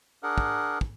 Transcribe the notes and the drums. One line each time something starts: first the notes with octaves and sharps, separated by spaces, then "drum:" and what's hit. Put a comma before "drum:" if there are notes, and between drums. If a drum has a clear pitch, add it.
D4 G#4 A#4 F#5
drum: kick
drum: kick